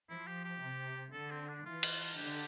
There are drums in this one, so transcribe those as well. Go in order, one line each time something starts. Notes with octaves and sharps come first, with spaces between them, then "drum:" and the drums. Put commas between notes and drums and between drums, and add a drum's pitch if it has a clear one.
F3 E4
G4
G4
C3
D3 A4
C4
D4
E3 F4
drum: cymbal
D3 G4